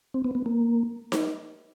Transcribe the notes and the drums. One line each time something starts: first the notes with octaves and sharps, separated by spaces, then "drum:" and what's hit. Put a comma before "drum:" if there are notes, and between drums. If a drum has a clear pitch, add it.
C4
B3
B3
A#3
drum: snare D#4